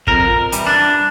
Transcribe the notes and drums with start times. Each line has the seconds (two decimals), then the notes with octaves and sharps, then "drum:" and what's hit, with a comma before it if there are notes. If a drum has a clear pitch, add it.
0.07 F2 A#4, drum: kick
0.52 E3 G3, drum: hi-hat
0.67 D4